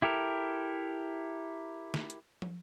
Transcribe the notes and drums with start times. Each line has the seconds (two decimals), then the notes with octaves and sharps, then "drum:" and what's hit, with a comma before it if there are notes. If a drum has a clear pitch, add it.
0.02 E4 G4 A4 A#4
1.94 drum: snare
2.10 drum: hi-hat
2.42 drum: tom